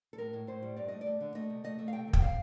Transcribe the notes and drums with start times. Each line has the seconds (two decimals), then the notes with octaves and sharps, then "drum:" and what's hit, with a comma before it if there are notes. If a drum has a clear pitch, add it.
0.13 A4
0.18 A2 A#4
0.33 A2
0.47 A2 C5
0.62 G3
0.77 G2 D5
0.88 A3 D#5
1.01 D5
1.06 A3
1.20 D3
1.35 A3 D#5
1.50 C3
1.64 A3 D#5
1.79 A3
1.88 F5
1.93 C3 G5
2.08 D#3
2.13 G5, drum: kick
2.22 C3 F5